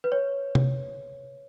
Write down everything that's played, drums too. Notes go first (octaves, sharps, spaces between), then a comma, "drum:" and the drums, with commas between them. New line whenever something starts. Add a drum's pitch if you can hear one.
B4
C#5
drum: tom C3